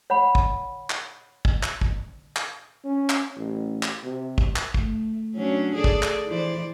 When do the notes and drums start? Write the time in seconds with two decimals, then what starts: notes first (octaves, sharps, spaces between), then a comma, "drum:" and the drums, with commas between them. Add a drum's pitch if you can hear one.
0.10 C#5 F#5 B5
0.35 drum: kick
0.90 drum: clap
1.45 drum: kick
1.63 drum: clap
1.81 drum: kick
2.36 drum: clap
2.85 C#4
3.10 drum: clap
3.37 A1
3.83 drum: clap
4.04 C3
4.38 drum: kick
4.56 drum: clap
4.74 A3, drum: kick
5.35 F#3 C#4 D4
5.75 G#4 A4 D5
5.84 drum: kick
6.03 drum: clap
6.28 E3 C5 D5